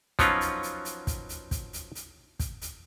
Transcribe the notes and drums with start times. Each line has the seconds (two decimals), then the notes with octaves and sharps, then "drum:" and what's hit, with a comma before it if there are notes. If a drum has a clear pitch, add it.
0.19 F3 F#3 B3 C#4 D#4 F4, drum: kick, hi-hat
0.41 drum: hi-hat
0.63 drum: hi-hat
0.85 drum: hi-hat
1.07 drum: kick, hi-hat
1.29 drum: hi-hat
1.51 drum: kick, hi-hat
1.73 drum: hi-hat
1.95 drum: hi-hat
2.39 drum: kick, hi-hat
2.62 drum: hi-hat